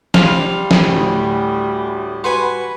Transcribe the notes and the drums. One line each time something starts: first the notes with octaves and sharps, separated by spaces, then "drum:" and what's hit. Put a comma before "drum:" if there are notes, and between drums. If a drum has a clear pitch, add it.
G3 F5 C6 F6, drum: snare
drum: snare
D2 A2
F#4 B4 G#5 C6